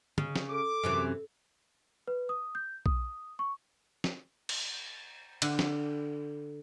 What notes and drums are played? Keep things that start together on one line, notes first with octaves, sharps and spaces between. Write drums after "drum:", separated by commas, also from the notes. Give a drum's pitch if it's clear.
C#3, drum: tom
drum: snare
A4 D6
F#2 C3 E3
B4
D#6
G6
D#6, drum: kick B1
C#6
drum: snare
drum: cymbal
D3, drum: cymbal
drum: snare